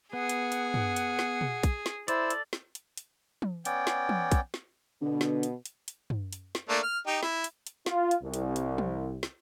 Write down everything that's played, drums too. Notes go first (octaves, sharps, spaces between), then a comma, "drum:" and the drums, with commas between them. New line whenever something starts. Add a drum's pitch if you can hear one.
B3 G#4 F#5
drum: hi-hat
drum: hi-hat
drum: tom
drum: hi-hat
drum: snare
drum: tom
drum: kick, hi-hat
drum: snare
E4 A4 C5 D5 E6 A6, drum: hi-hat
drum: hi-hat
drum: snare
drum: hi-hat
drum: hi-hat
drum: tom
B3 C#4 D5 G5, drum: hi-hat
drum: snare
drum: tom
drum: kick, hi-hat
drum: snare
B2 D3 B3
drum: snare
drum: hi-hat
drum: hi-hat
drum: hi-hat
drum: tom
drum: hi-hat
drum: snare
A3 A#3 D4
F6
D#4 G4
E4, drum: snare
drum: hi-hat
drum: hi-hat
F4, drum: snare
drum: hi-hat
C2
drum: hi-hat
drum: hi-hat
drum: tom
drum: snare